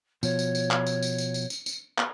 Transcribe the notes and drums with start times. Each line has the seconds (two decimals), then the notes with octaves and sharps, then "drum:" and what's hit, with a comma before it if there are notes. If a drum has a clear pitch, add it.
0.23 B2 F3 C#5, drum: tambourine
0.39 drum: tambourine
0.55 drum: tambourine
0.71 drum: clap
0.87 drum: tambourine
1.02 drum: tambourine
1.18 drum: tambourine
1.34 drum: tambourine
1.50 drum: tambourine
1.66 drum: tambourine
1.98 drum: clap